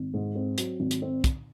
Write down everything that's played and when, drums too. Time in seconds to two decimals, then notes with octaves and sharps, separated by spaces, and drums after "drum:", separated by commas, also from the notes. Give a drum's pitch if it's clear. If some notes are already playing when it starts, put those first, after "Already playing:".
Already playing: G#1
0.14 G#2
0.35 C4
0.58 F#3, drum: hi-hat
0.80 G#1
0.91 drum: hi-hat
1.02 C4
1.24 drum: kick, hi-hat